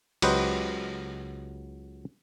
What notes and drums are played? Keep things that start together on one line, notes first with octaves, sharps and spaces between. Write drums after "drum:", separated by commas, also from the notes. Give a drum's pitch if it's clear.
C#2 F#3 G4 B4 C5 D#5, drum: cymbal